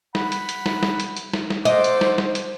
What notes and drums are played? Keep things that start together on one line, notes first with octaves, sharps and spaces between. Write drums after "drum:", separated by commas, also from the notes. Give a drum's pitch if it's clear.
F#5 B5, drum: snare
drum: hi-hat
drum: hi-hat
drum: snare
drum: snare
drum: hi-hat
drum: hi-hat
drum: snare
drum: snare
F#4 A4 C5 D#5 D6, drum: hi-hat
drum: hi-hat
drum: snare
drum: snare
drum: hi-hat